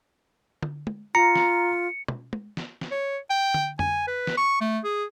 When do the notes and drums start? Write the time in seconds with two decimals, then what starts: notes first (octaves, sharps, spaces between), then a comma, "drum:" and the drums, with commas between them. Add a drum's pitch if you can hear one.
0.62 drum: tom D3
0.87 drum: tom
1.15 F4 A#5 C#7
1.35 drum: snare
2.08 drum: tom
2.33 drum: tom
2.57 drum: snare
2.81 drum: snare
2.91 C#5
3.30 G5
3.54 drum: tom D3
3.79 G#5, drum: tom F2
4.07 B4
4.27 drum: snare
4.37 C#6
4.61 A3
4.84 G#4